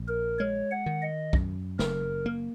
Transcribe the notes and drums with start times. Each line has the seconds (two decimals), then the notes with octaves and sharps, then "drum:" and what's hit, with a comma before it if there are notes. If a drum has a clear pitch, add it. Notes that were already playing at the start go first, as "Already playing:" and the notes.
Already playing: A#1
0.08 A#4
0.39 G#3 C#5
0.71 F#5
0.86 D#3
1.02 D#5
1.33 F#2, drum: kick
1.79 F#1 A#4, drum: snare
2.26 A#3